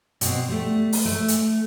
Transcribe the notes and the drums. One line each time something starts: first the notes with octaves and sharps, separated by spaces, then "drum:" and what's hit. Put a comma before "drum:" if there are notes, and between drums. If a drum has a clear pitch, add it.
B2 C4, drum: hi-hat
G3 A3
drum: open hi-hat
A3
drum: hi-hat